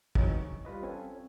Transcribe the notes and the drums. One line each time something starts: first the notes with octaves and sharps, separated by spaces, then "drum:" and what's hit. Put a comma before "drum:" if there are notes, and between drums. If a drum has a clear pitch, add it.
E3 F#3 G#3 C4 C#4 D#4, drum: kick
C#6
G3 F4 B4 D#5
C4 C#4 A4 G#5